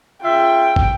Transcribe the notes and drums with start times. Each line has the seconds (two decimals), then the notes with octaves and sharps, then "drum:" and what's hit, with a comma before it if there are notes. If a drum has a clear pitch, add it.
0.24 C#3 F4 E5 G5
0.76 drum: kick